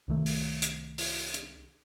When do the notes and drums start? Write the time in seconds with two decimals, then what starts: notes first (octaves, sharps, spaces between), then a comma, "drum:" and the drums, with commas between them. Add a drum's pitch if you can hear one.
0.08 C2 D#3 A3
0.26 drum: open hi-hat
0.62 drum: hi-hat
0.98 drum: open hi-hat
1.34 drum: hi-hat